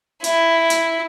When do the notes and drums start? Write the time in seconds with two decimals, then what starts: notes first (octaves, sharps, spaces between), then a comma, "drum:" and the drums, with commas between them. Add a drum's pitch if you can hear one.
0.24 E4, drum: hi-hat
0.70 drum: hi-hat